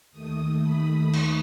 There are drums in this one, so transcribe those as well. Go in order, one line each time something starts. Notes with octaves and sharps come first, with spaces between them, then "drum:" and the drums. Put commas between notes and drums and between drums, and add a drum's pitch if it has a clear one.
D#2 D#3 A3 D#6
B5
drum: cymbal